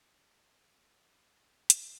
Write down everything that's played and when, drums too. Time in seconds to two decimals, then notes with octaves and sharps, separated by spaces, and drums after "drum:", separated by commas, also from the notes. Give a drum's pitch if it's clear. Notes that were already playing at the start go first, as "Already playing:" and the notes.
0.06 G5
0.49 G#4
1.70 drum: hi-hat